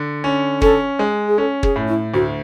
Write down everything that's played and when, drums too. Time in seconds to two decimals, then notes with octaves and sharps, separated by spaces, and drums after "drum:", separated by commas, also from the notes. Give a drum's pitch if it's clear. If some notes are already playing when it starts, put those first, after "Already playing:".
Already playing: D3
0.24 C#4
0.62 C#4 A4, drum: kick
0.99 G#3
1.28 G#4
1.38 C#4 A4
1.63 G#4, drum: kick
1.76 A2
1.88 E4
2.14 D2 F#4